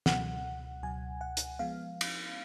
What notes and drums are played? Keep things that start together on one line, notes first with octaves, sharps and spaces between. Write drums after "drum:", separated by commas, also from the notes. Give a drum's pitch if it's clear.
C#2 B2 F#3 F#5, drum: snare
C#2 B2 F#3 G#5
F#5
drum: hi-hat
F3 G#3 B3 F5
drum: cymbal